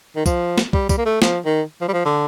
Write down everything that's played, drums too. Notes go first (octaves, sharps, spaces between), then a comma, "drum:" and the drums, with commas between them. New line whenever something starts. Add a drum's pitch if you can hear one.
D#3
F3, drum: kick, tambourine
drum: snare
G3, drum: kick
G3, drum: kick, tambourine
A#3
A3
F3, drum: snare
D#3
F3
G3
F3
D3